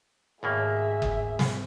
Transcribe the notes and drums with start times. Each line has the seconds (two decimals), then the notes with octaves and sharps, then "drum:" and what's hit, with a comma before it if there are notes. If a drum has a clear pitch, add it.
0.43 D#2 G#2 B2 A#3 G#4 C#5 E5 F6
1.02 drum: kick F#1
1.39 drum: snare